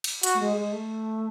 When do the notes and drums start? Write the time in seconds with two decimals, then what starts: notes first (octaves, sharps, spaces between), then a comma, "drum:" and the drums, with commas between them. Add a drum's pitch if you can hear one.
0.04 drum: cymbal
0.23 F#4, drum: hi-hat
0.34 A3
0.40 G#3
0.56 G#3
0.72 A3